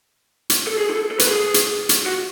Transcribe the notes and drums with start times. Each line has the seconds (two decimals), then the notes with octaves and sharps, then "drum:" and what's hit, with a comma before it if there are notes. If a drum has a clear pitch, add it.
0.50 drum: hi-hat
0.67 A4
0.78 G#4
0.90 A4
1.11 A4
1.19 B4, drum: hi-hat
1.28 G#4
1.54 drum: hi-hat
1.89 drum: hi-hat
2.06 F#4